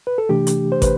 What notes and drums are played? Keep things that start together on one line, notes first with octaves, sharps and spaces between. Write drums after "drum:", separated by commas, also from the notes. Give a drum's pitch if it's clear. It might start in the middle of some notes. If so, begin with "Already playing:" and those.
B4
A4
C3 E3 A3 D4 G4
drum: hi-hat
C5
B4, drum: kick, hi-hat